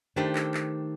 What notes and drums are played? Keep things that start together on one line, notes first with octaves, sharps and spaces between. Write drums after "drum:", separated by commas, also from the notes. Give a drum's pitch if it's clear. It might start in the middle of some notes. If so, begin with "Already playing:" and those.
D#3 A3 D4 G4 C5
drum: clap
drum: clap